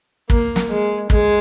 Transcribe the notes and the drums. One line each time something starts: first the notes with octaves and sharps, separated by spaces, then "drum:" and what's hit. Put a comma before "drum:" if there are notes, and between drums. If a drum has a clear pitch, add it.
A#3, drum: kick
drum: snare
G#3
G#3, drum: kick